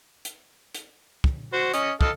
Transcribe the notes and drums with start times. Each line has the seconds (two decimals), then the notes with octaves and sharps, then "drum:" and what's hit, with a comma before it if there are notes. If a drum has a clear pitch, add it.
0.25 drum: hi-hat
0.75 drum: hi-hat
1.24 drum: kick
1.53 F#4 C5
1.74 C#4 D#5, drum: hi-hat
2.01 A4 D#5 F5, drum: kick